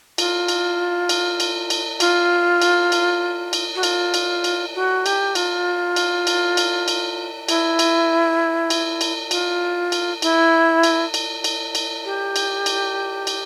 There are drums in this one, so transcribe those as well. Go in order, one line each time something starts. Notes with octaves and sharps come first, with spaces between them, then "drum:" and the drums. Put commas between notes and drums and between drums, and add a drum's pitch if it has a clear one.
F4, drum: cymbal
drum: cymbal
drum: cymbal
drum: cymbal
drum: cymbal
F4, drum: cymbal
drum: cymbal
drum: cymbal
drum: cymbal
F#4
F4, drum: cymbal
drum: cymbal
drum: cymbal
F#4
G4, drum: cymbal
F4, drum: cymbal
drum: cymbal
drum: cymbal
drum: cymbal
drum: cymbal
E4, drum: cymbal
drum: cymbal
drum: cymbal
drum: cymbal
F4, drum: cymbal
drum: cymbal
E4, drum: cymbal
drum: cymbal
drum: cymbal
drum: cymbal
drum: cymbal
G4
drum: cymbal
drum: cymbal
drum: cymbal